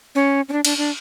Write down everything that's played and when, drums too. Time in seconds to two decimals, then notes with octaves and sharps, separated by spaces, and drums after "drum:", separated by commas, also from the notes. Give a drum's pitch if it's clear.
0.15 C#4
0.49 C#4
0.52 D4
0.65 D4, drum: cymbal
0.78 D4